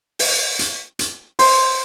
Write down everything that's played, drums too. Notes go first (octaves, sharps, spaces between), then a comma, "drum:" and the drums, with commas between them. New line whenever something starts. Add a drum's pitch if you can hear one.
drum: open hi-hat
drum: hi-hat
drum: hi-hat
C5, drum: open hi-hat